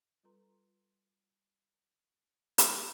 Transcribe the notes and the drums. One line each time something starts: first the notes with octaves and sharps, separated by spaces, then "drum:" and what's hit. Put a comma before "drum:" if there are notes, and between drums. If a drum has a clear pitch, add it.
G3 F4 A4 B4 A#5 C6
drum: hi-hat